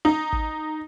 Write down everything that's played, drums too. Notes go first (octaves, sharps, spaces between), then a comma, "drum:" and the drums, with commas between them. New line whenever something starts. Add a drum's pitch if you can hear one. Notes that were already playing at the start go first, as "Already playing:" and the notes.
D#4
drum: kick